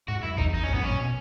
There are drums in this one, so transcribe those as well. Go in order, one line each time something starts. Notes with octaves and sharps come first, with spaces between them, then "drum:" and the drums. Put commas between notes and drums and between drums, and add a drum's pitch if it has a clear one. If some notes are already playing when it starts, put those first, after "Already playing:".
G#2 F#4
F#2 E4
E2 D#4, drum: kick G#1
D#4
C#4
G#2, drum: kick G#1
B3
F#2
A#2 C#4
B2